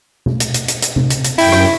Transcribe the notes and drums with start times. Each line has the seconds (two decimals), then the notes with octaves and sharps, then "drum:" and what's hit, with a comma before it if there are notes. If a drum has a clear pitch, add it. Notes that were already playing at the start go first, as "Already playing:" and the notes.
0.26 drum: tom B2
0.40 drum: hi-hat
0.54 drum: hi-hat
0.68 drum: hi-hat
0.82 drum: hi-hat
0.96 drum: tom C3
1.10 drum: hi-hat
1.24 drum: hi-hat
1.38 F#2 E4 G5, drum: open hi-hat
1.52 drum: rim click